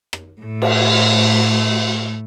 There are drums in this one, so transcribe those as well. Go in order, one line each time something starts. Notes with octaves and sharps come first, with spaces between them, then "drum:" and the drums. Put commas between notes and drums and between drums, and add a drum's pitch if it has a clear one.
drum: rim click
A2 A3
drum: cymbal